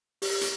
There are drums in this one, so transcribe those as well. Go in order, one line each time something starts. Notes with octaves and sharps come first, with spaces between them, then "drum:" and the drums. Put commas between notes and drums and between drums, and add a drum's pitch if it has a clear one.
G4, drum: open hi-hat
drum: hi-hat